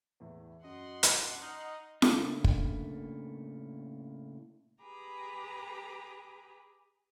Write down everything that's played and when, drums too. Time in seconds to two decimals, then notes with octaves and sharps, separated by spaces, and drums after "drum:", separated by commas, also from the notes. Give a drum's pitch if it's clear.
0.20 E2 A2
0.64 F#2 F#3 D#5 F#5 C6
1.03 D4, drum: hi-hat
1.42 D#4 D#5 F6
2.02 A2 C#3 A3 A#3 D4, drum: snare
2.44 drum: kick
4.81 G4 G#4 B4 A#5 B5 D6